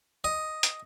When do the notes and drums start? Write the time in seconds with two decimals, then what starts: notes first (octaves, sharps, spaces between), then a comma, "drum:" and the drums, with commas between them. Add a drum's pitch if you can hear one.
0.24 D#5
0.63 drum: hi-hat